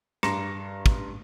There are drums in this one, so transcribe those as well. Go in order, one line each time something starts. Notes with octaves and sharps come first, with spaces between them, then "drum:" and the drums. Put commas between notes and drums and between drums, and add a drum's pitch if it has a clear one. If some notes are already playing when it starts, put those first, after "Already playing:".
G2 A#5 C6 A#6 E7, drum: rim click
drum: kick